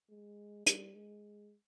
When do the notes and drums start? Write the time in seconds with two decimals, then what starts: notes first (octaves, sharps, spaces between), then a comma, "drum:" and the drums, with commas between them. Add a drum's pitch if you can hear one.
0.10 G#3
0.66 G3, drum: hi-hat
0.95 G#3